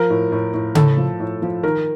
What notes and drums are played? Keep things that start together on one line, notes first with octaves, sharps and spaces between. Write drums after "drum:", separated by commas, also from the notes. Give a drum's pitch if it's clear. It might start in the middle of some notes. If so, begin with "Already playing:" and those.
Already playing: F3 A#4
A2
A2
A2
A2 A4, drum: tom C#3
F3
A2
F3
D#3 A#4